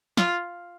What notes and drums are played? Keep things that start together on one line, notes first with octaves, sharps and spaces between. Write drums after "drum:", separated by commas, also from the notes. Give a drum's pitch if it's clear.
F4, drum: snare